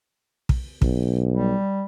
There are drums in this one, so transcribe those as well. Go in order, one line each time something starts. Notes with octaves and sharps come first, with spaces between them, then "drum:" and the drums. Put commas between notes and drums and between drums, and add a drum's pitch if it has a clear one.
drum: kick
B1, drum: kick
G3